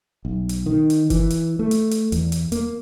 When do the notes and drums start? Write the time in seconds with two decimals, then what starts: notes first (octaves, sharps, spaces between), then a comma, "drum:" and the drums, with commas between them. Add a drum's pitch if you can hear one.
0.25 B1
0.49 drum: hi-hat
0.66 D#3
0.90 drum: hi-hat
1.10 E3, drum: kick F#1, hi-hat
1.30 drum: hi-hat
1.59 A3
1.71 drum: hi-hat
1.91 drum: hi-hat
2.12 E2, drum: hi-hat
2.32 drum: hi-hat
2.52 A#3, drum: hi-hat